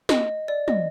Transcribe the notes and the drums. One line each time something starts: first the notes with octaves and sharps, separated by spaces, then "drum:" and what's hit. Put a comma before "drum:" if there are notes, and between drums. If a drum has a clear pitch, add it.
D#5, drum: snare
D5
D#5, drum: tom